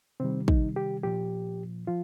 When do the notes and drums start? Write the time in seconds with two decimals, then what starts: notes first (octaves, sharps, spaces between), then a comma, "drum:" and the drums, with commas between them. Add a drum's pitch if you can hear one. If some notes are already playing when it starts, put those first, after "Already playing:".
0.20 C3 D#3 G3 C4
0.48 D#4, drum: kick
0.76 G4
1.03 A#2 F3 G4
1.87 F3 F4